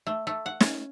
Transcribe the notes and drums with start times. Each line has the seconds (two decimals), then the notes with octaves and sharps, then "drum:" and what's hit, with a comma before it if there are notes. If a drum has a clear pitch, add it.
0.07 A3
0.27 A3
0.46 F#5
0.60 C#4, drum: snare